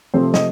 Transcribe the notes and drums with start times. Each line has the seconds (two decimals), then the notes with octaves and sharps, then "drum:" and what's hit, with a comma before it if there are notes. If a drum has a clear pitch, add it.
0.13 C3 F3 A3 C4 C5
0.34 D#5, drum: snare